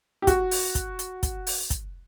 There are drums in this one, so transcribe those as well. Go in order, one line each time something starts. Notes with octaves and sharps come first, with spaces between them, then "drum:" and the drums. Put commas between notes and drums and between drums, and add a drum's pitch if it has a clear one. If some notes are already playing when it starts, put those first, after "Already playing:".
G4
F#4, drum: kick, hi-hat
drum: open hi-hat
drum: kick, hi-hat
drum: hi-hat
drum: kick, hi-hat
drum: open hi-hat
drum: kick, hi-hat